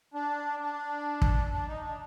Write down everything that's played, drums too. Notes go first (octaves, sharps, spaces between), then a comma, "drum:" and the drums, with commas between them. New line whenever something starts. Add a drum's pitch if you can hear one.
D4
D4
drum: kick
D4
D#4
D4